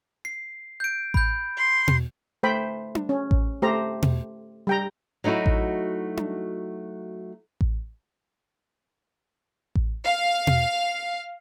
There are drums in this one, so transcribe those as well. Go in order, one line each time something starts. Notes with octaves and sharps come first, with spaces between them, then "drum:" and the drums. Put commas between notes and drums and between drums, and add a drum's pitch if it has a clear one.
C7
G6 D7
B5 G6, drum: kick A1
C6
drum: tom B2
A3 C5 G5 B5
drum: tom D4
C#4
drum: kick A1
A3 G4 C5 A#5
drum: tom B2
G3 G5 A#5
F#3 A3 D#4 E4 F#4
drum: kick A1
drum: tom D4
drum: kick A1
drum: kick A1
F5
drum: tom B2